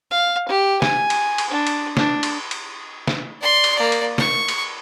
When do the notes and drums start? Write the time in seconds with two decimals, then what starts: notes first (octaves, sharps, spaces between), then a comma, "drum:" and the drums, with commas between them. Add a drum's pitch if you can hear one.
0.11 F5
0.49 G4
0.82 G#5, drum: snare
1.10 drum: cymbal
1.38 drum: cymbal
1.50 D4
1.67 drum: cymbal
1.97 D4, drum: snare
2.23 drum: cymbal
2.51 drum: cymbal
3.08 drum: snare
3.42 D5 C6
3.64 drum: cymbal
3.75 A#3 D5
3.92 drum: cymbal
4.18 C#6, drum: snare
4.48 drum: cymbal